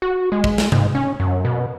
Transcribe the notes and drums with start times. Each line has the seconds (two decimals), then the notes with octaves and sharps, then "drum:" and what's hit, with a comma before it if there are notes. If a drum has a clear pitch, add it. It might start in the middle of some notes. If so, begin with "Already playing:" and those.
0.02 F#4
0.32 G#3
0.44 drum: kick
0.58 drum: snare
0.72 G#2, drum: tom C3
0.95 C#4
1.20 F#2
1.45 B2